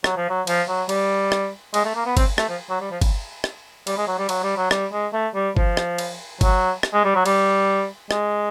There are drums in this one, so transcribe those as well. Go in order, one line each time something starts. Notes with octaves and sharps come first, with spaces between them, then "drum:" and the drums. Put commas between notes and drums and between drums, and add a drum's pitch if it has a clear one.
F#3, drum: rim click
F3
F#3
F3, drum: cymbal
F#3
G3, drum: cymbal
drum: rim click
G#3, drum: cymbal
A3
A#3
B3
C4, drum: kick G1, cymbal
A3, drum: rim click
F3
F#3
G3
F3
drum: kick G1, cymbal
drum: rim click
G3, drum: cymbal
G#3
F#3
G3
F#3, drum: cymbal
G3
F#3
G3, drum: rim click
G#3
A3
G3
F3, drum: kick G1
drum: rim click
drum: cymbal
F#3, drum: kick G1, cymbal
drum: rim click
G#3
G3
F#3
G3, drum: cymbal
G#3, drum: rim click